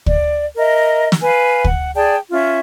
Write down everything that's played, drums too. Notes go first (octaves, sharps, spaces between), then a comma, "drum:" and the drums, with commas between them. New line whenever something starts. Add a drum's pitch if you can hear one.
D5, drum: kick
A#4 D#5 E5
drum: snare
B4 F5 G#5
F#5, drum: kick
G#4 D5 G5 A5
C#4 F4 E5